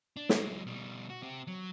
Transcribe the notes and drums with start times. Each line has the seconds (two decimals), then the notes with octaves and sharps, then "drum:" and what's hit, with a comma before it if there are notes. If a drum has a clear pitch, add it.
0.17 D4
0.29 F#3 G#3, drum: snare
0.67 B2 G3
1.10 F#4
1.22 C4 G4
1.47 F#3